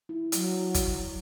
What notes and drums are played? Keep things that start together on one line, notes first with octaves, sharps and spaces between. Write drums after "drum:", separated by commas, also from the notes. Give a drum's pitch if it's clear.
E4
F#3, drum: hi-hat
drum: kick, hi-hat